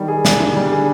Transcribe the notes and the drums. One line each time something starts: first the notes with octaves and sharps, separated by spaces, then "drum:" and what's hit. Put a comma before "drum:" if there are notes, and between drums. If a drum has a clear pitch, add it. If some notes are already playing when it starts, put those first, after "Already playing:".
Already playing: D#3 G3
G#4
D4, drum: snare
D3
G3
G#4